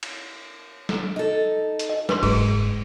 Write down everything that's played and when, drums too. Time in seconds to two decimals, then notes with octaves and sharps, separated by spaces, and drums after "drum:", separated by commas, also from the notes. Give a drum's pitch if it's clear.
0.03 drum: cymbal
0.89 drum: snare
1.16 D#4 A4
1.79 drum: hi-hat
1.89 D#5
2.09 F#2 B4 C6, drum: snare
2.23 F#1 G#2 G#4, drum: cymbal